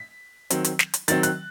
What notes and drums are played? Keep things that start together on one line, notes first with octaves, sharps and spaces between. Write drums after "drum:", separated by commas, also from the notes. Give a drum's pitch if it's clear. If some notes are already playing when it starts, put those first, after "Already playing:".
Already playing: B6
D#3 F#3 C4, drum: hi-hat
drum: hi-hat
drum: snare
drum: hi-hat
D#3 F#3 C4 A6, drum: hi-hat
F#6, drum: hi-hat